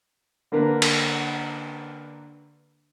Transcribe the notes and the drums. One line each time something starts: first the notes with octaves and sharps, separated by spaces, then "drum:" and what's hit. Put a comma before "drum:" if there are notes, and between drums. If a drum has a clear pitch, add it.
D3 A#3 D4 A#4 B4
drum: cymbal